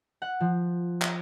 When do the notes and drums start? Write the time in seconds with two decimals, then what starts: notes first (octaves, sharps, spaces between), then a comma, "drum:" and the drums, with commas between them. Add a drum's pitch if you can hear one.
0.22 F#5
0.40 F3
1.01 drum: clap